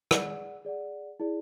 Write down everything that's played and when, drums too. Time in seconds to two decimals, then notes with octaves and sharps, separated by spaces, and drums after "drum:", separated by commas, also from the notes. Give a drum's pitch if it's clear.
0.11 G#4 D5 F#5, drum: rim click
0.65 G#4 D5 F#5
1.20 E4 G#4 D5